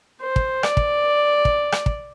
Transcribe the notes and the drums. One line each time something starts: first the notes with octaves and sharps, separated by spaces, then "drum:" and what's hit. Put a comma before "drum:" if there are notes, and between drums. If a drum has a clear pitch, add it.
C5
drum: kick
D5, drum: rim click
drum: kick
drum: kick
drum: rim click
drum: kick